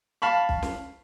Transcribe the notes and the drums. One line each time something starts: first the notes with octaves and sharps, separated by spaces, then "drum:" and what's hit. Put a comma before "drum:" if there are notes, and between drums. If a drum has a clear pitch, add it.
F5 A5 B5 C#6
drum: kick
drum: snare